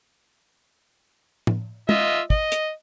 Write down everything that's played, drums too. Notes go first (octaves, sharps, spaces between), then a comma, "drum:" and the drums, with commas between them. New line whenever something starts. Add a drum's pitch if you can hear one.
drum: tom A2
F4 D#5 E5, drum: tom
D#5, drum: kick
drum: hi-hat